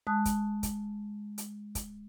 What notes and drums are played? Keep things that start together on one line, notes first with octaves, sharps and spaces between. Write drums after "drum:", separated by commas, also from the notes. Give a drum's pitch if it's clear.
G#3 A5 D#6 F#6
drum: kick, hi-hat
drum: kick, hi-hat
drum: hi-hat
drum: kick, hi-hat